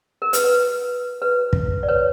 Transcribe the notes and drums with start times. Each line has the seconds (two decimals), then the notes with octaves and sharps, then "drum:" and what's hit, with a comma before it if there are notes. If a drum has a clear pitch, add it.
0.22 A#4
0.33 B4, drum: hi-hat
0.44 B4
1.22 B4
1.53 drum: kick
1.83 D5
1.88 B4 C#5